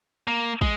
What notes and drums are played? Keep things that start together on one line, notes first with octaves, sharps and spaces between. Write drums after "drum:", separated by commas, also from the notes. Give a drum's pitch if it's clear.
A#3
G#3, drum: kick